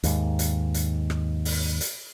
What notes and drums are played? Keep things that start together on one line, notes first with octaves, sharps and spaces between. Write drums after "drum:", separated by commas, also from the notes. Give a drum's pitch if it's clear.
D#2 G#2, drum: hi-hat
drum: hi-hat
drum: hi-hat
drum: rim click
drum: open hi-hat
drum: hi-hat